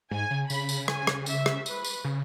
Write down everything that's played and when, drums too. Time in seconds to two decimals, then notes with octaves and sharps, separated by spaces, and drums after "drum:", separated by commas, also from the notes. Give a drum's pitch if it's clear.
0.11 G#2 G#5
0.31 C#3
0.50 C#3 B5, drum: tambourine
0.69 drum: tambourine
0.88 G#5, drum: rim click
1.07 drum: rim click
1.26 E5, drum: tambourine
1.46 drum: rim click
1.66 B4, drum: tambourine
1.85 drum: tambourine
2.04 C#3